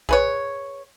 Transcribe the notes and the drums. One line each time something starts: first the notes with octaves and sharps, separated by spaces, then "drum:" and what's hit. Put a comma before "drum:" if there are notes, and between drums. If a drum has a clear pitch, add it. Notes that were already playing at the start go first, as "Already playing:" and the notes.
G#4 B4 C#5, drum: kick A#1